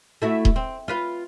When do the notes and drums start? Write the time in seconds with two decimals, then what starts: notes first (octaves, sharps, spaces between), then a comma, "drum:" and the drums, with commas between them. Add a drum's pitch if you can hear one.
0.22 A3 E4 F#4
0.45 drum: kick D#1
0.56 C4
0.88 F4 B4 F5